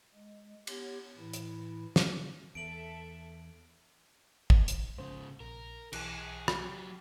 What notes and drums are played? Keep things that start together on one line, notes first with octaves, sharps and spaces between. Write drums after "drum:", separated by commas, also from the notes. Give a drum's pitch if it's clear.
G#3
B3 G4 C#5, drum: cymbal
A2 E3 E4
drum: hi-hat
drum: snare
E2 A4 E5 D7 F#7
drum: kick
drum: hi-hat
G#2 C#3 C5
A#1 A#4
B1 E3 G#4 F#6, drum: cymbal
F#3 G4, drum: rim click